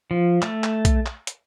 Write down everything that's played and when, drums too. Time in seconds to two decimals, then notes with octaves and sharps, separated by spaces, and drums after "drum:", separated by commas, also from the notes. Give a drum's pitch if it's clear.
0.11 F3
0.42 A3, drum: clap
0.64 drum: clap
0.85 drum: kick, hi-hat
1.06 drum: clap
1.27 drum: hi-hat